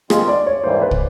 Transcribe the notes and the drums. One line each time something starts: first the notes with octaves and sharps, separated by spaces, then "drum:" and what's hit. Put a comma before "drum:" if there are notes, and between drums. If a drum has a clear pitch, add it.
D#3 G#3 C4 F4 G#4, drum: rim click
D5
C#5
G#2 E3 G3 A#3 C5
B4
drum: kick